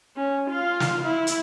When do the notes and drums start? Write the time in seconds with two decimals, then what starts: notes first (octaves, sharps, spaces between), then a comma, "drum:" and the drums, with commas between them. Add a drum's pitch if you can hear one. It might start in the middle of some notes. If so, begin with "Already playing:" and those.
0.17 C#4
0.50 F4 F5
0.80 drum: snare
1.04 E4
1.27 drum: hi-hat